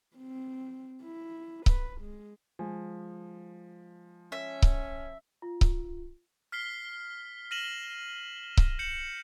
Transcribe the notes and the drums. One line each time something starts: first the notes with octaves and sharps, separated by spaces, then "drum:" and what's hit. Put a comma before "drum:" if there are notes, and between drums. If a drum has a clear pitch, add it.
C4
E4
B4, drum: kick C#1
G#3
F3 G#3 G#5
C#4 E5
drum: kick C#1
F4
drum: kick C#1
F6 B6 C7 G7
F6 A#6 D#7 E7 F#7 G7
drum: kick C#1
G6 C#7 E7 F#7